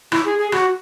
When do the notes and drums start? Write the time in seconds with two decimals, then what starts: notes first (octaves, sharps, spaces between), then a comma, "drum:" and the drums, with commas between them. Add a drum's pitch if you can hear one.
0.12 E4, drum: rim click
0.25 G#4
0.38 G#4
0.52 F#4, drum: rim click